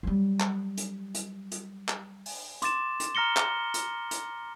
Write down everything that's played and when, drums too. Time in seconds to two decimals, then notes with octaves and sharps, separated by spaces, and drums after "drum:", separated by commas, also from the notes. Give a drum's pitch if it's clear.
0.03 F#3 G3
0.40 drum: clap
0.77 drum: hi-hat
1.14 drum: hi-hat
1.52 drum: hi-hat
1.89 drum: clap
2.26 drum: open hi-hat
2.62 C6 D6 A6 E7, drum: hi-hat
3.00 drum: hi-hat
3.15 A#5 F6 A#6 C#7 G7
3.37 drum: clap
3.74 drum: hi-hat
4.11 drum: hi-hat